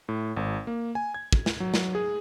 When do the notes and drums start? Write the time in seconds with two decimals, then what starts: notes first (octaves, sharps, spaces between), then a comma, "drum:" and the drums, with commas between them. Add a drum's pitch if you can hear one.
0.09 A2
0.37 G#1
0.67 A#3
0.95 G#5
1.14 G#6
1.33 drum: kick
1.46 drum: snare
1.60 F#3
1.74 drum: snare
1.95 G#4